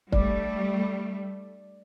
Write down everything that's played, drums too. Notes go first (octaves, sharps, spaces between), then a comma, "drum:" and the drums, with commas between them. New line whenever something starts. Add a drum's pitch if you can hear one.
G3 A3 D5, drum: kick